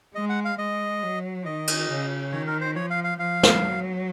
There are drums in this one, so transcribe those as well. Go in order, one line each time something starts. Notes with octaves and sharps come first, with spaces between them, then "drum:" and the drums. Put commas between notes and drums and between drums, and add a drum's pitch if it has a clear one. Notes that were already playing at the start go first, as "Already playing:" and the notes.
G#3 D#5
F#5
F5
G#3 D#5
F#3
D#3 D#5
drum: cymbal
C#3
D#3 C#5
A#4
C5
F3 C#5
F5
F5
F3 F5
drum: snare
F#3